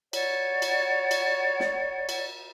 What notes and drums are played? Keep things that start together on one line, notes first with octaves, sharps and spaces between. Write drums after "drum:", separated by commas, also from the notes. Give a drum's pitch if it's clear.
C#5 D5 F#5, drum: cymbal
drum: cymbal
drum: cymbal
drum: snare
drum: cymbal